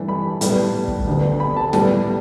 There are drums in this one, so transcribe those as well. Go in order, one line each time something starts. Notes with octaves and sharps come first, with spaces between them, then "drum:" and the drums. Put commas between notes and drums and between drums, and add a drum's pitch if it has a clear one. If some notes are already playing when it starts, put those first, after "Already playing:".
Already playing: G2 E3 A3
B5
A2 G3 B3, drum: hi-hat
drum: kick
D2 D3 B3
B5
A5
A2 G3 B3, drum: snare